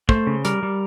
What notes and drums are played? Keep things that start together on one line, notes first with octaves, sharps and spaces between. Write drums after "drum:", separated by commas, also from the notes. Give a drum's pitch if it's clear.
A3 C5, drum: kick
C#3
G3 A#4, drum: hi-hat
G3